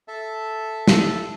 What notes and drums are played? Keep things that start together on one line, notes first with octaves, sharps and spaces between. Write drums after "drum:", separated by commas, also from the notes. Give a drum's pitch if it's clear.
A4 E5 A5
drum: snare